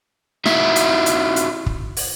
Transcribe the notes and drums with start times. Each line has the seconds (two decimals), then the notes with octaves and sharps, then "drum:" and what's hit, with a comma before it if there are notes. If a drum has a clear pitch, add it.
0.46 D#4 E4 F#4 E5, drum: snare
0.76 drum: hi-hat
1.06 drum: hi-hat
1.36 drum: hi-hat
1.66 drum: kick
1.97 drum: open hi-hat